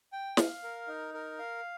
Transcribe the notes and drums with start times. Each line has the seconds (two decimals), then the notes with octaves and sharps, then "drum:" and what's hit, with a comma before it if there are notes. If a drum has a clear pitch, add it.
0.12 G5
0.37 F5, drum: snare
0.63 A#4
0.88 D#4
1.14 A#4
1.39 F5